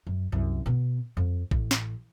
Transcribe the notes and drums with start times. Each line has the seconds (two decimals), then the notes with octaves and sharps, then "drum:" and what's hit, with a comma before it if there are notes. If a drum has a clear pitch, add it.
0.07 F#2
0.32 C2 F#2
0.66 B2 B3
1.17 F2
1.51 A1, drum: kick A1
1.71 drum: snare